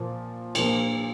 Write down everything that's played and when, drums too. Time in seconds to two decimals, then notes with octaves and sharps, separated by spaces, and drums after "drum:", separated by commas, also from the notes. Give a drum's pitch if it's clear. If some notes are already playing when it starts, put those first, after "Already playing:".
Already playing: A#2 F3 A#3
0.55 A#2 F3 A#3, drum: cymbal